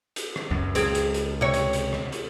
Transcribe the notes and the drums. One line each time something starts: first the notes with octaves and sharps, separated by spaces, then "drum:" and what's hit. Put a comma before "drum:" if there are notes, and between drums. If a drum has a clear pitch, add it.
drum: hi-hat
drum: rim click
C#2 F#2
C#2 C4 G#4, drum: hi-hat
drum: hi-hat
drum: hi-hat
C3 C#5
drum: hi-hat
drum: hi-hat
drum: rim click
drum: hi-hat